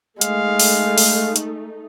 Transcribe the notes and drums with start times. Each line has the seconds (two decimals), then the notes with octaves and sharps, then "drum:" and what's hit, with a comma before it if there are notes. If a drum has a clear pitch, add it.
0.21 G#3 A3 D#4 F5, drum: hi-hat
0.59 drum: open hi-hat
0.98 drum: open hi-hat
1.36 drum: hi-hat